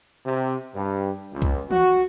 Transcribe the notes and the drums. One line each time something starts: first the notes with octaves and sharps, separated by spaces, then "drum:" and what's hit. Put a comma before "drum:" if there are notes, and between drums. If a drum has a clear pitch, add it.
C3
G2
C#2
drum: kick C2
F#4, drum: tom E3